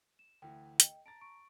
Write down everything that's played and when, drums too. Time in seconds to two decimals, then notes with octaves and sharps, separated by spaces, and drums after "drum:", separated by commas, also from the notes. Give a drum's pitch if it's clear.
0.19 E7
0.42 D2 E3 G5
0.80 D#5 G5, drum: hi-hat
1.06 A5 A#5 A6 D7
1.21 C#6 D7